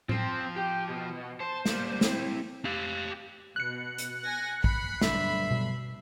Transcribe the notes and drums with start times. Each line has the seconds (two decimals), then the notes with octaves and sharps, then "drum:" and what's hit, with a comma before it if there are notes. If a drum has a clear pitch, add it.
0.09 F3 C4, drum: tom A2
0.56 G4
0.89 B2
1.40 C5 A5
1.66 G3 A#3, drum: snare
2.01 C4 E4, drum: snare
2.65 G4 F5
3.56 B2 F#6 C#7
3.98 drum: hi-hat
4.25 G#5 A#6
4.64 B5 C7, drum: kick
5.01 B1 G2 D3 E5, drum: snare
5.51 B2